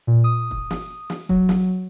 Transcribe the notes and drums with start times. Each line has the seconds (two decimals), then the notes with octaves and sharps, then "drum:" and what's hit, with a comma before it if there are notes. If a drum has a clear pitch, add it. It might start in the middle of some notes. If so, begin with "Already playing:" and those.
0.07 A#2
0.24 D#6
0.51 drum: kick
0.70 drum: snare
1.10 drum: snare
1.29 F#3, drum: kick
1.49 drum: snare